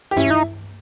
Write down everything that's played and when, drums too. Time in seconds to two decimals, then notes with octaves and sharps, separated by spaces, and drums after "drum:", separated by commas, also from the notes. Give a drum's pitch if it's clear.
0.11 G4
0.17 C#4 E4, drum: tom G2
0.30 D#4